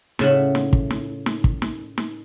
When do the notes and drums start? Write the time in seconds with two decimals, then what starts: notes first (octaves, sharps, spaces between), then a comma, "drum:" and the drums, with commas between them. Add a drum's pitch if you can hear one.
0.19 A2 C#3 E5 F#5, drum: snare
0.55 drum: snare
0.73 drum: kick
0.91 drum: snare
1.26 drum: snare
1.44 drum: kick
1.62 drum: snare
1.98 drum: snare